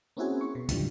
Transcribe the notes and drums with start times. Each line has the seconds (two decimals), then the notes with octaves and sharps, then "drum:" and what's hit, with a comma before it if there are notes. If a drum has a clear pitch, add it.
0.17 A#3 C4 C#4 E4 F#4 G#4
0.41 C#6
0.55 B2
0.69 F#2 A#2 D3 E3 F3 G3, drum: kick, hi-hat